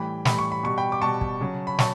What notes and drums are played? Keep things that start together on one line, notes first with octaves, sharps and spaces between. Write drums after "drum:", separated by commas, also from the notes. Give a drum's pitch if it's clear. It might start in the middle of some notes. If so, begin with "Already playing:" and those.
Already playing: A2 E3 G3 G5 B5
A2 E3 G3 B5, drum: snare
C#6
B5
B2 G3 C#6
G5 B5
D6
B2 G3 A5 C#6
drum: kick
C#3 F#3
B5
F#3 A5 C#6, drum: snare